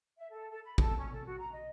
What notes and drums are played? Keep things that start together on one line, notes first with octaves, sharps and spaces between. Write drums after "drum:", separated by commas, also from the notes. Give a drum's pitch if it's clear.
E5
A4
A4
B5
A4, drum: kick
C#4
A4
F#4
A#5
D#5